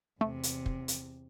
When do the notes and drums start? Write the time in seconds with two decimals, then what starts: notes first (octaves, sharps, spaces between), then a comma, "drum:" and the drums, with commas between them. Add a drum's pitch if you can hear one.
0.21 E2 C3 A3
0.43 drum: hi-hat
0.66 drum: kick
0.88 drum: hi-hat